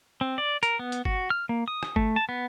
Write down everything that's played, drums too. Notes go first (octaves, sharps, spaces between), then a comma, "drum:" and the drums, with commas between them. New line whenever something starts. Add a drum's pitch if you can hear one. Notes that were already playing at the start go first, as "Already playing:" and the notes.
C4
D5
A#4, drum: hi-hat
B3
drum: hi-hat
F#4, drum: kick
F6
A#3
D#6
drum: rim click
A3, drum: kick
A5
B3